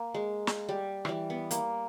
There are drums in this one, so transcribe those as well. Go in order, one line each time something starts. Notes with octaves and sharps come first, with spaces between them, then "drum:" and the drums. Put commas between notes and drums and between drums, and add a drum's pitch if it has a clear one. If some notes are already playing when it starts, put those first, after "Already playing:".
Already playing: A#3
G#3
drum: snare
G3
E3 G3, drum: rim click
B3
A#3, drum: hi-hat